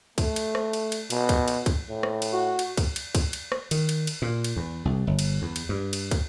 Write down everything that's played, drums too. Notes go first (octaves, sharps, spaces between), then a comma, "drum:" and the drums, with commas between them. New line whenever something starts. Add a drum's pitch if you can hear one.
A3, drum: kick, cymbal
drum: cymbal
drum: rim click
drum: cymbal
drum: cymbal
B2, drum: cymbal
drum: kick, cymbal
drum: cymbal
drum: kick, cymbal
A2
drum: rim click
drum: cymbal
F#4
drum: cymbal
drum: kick, cymbal
drum: cymbal
drum: kick, cymbal
drum: cymbal
drum: rim click
D#3, drum: cymbal
drum: cymbal
drum: cymbal
A#2
drum: cymbal
E2
C2
G1
drum: cymbal
E2
drum: cymbal
G2
drum: cymbal
drum: kick, cymbal